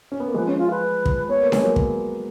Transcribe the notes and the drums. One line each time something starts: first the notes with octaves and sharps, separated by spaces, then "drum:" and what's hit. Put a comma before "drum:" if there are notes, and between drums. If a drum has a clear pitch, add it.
C#4
B3
A#3
F3 G#3 B4
C#4
F4
B4
drum: kick
B3 C#5
A#3
G#3 C#5, drum: snare D4
F#3 A#3
drum: kick